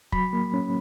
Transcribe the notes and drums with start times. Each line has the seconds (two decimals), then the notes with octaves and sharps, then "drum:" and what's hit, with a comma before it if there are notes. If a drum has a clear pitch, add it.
0.12 F#3 B5, drum: kick
0.33 A#3
0.54 C#4